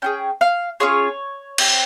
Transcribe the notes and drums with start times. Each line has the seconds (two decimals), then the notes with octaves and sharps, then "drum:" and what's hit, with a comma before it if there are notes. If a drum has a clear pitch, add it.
0.02 C#4 F4 G#4 G5
0.41 F5
0.80 C#4 F4 G#4 C#5
1.58 C4 G4, drum: cymbal